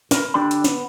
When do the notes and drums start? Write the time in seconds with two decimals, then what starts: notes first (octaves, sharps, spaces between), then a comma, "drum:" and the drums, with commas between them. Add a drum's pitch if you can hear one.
0.11 A#4 B4, drum: snare
0.34 D3 D4 G4 D5 B5
0.51 drum: hi-hat
0.64 B3, drum: snare